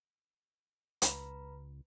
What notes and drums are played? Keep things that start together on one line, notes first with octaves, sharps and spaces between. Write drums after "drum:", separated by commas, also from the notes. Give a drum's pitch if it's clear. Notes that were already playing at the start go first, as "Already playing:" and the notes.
C#2 B4 A#5 B5, drum: hi-hat